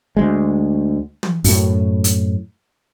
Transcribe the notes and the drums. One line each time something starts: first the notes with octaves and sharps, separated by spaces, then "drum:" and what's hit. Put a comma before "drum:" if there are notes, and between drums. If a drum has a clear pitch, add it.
D2 G#3
drum: tom
F#2 A2, drum: open hi-hat
drum: hi-hat